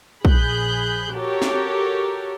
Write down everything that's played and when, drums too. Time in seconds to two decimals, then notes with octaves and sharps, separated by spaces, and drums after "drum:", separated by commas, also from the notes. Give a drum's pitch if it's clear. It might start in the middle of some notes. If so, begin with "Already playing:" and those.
0.25 A#1 G#4 B5 F#6 G6, drum: kick
1.14 F#4 G4 A4 A#4 C#5
1.42 drum: snare